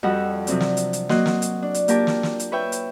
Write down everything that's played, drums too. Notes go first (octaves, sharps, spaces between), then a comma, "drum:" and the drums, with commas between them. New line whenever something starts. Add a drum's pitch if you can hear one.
F2 F3 G3 F#4 F#5 E6
C3 F3 F#3 C4 D4, drum: hi-hat
drum: snare
drum: hi-hat
drum: hi-hat
F#3 A#3 D#5 C6 F#6, drum: snare
drum: snare
drum: hi-hat
D4
drum: hi-hat
A#3 F4 G4 A#4 A5 D6, drum: hi-hat
drum: snare
drum: snare
drum: hi-hat
B4 C#5 E5 G5
drum: hi-hat